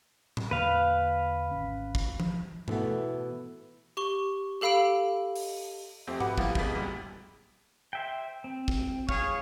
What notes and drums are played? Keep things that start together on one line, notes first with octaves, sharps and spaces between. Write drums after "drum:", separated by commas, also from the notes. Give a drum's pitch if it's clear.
drum: tom A2
E2 D3 A#3 B4 F5
G#1 C#4
drum: kick
F3, drum: tom
B2 E3 A3 B3, drum: tom G#2
G4 C#6 G7
G4 A4 F5 B5 E6 D7
drum: open hi-hat
F2 A3 C4 G4
F#4 B4 F#5 D6, drum: tom G#2
A2 E3 F3 G3 A#3 B3, drum: kick
F1 F2 C#3 G#3 B3 B6, drum: kick
D2 A#2 G3
C5 E5 G5
C4
drum: kick
G#4 C#5 F5, drum: kick